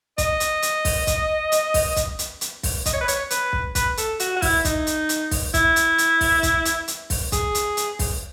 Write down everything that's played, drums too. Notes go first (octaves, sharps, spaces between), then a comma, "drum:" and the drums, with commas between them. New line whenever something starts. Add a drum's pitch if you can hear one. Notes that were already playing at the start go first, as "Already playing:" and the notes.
D#5, drum: kick, hi-hat
drum: hi-hat
drum: hi-hat
drum: kick, open hi-hat
drum: kick, hi-hat
drum: hi-hat
drum: kick, open hi-hat
drum: kick, hi-hat
drum: hi-hat
drum: hi-hat
drum: kick, open hi-hat
D#5, drum: kick, hi-hat
C#5
B4
C#5, drum: hi-hat
B4, drum: hi-hat
drum: kick
B4, drum: kick, hi-hat
A4, drum: hi-hat
F#4, drum: hi-hat
F#4
E4, drum: kick, open hi-hat
D#4, drum: kick, hi-hat
drum: hi-hat
drum: hi-hat
drum: kick, open hi-hat
E4, drum: kick, hi-hat
drum: hi-hat
drum: hi-hat
drum: kick, open hi-hat
drum: kick, hi-hat
drum: hi-hat
drum: hi-hat
drum: kick, open hi-hat
G#4, drum: kick, hi-hat
drum: hi-hat
drum: hi-hat
drum: kick, open hi-hat